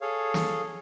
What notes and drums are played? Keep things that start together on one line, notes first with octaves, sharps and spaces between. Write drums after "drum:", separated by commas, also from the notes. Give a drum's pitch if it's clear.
G#4 A4 C#5 F5
drum: snare